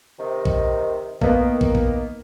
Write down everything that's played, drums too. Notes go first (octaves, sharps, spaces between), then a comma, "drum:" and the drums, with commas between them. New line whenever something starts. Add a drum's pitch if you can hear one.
C3 D#3
drum: kick
D#3 A#3 B3, drum: kick
drum: kick
drum: kick